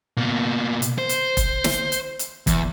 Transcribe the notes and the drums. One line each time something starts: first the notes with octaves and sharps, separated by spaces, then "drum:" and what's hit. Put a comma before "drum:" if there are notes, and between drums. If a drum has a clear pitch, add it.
B2 A#3
drum: hi-hat
C5
drum: hi-hat
drum: kick E1, hi-hat
drum: snare
drum: hi-hat
drum: hi-hat
E2, drum: kick E1, hi-hat